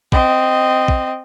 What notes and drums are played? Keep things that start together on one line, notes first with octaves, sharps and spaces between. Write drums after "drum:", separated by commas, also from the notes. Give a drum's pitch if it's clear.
C4 D#5, drum: kick
drum: kick